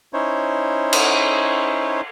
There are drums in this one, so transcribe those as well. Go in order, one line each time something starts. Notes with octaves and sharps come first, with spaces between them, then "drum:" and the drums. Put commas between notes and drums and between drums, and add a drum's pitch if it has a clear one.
C#4 D#4 E4 C5 C#5
drum: cymbal